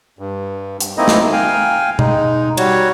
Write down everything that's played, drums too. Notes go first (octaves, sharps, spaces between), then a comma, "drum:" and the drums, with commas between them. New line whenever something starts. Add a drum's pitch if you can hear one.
G2
drum: hi-hat
A3 A#3 C4 D#4 E4 D#5
drum: snare
F5 G5 G#5
G#3 D#4, drum: tom B2
G3 F#4 C#5, drum: cymbal